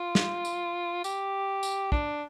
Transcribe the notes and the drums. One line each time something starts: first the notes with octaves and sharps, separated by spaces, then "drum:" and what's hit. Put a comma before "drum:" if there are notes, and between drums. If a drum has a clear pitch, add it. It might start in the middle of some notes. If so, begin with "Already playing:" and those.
Already playing: F4
drum: snare
drum: tambourine
G4, drum: tambourine
drum: tambourine
D4, drum: kick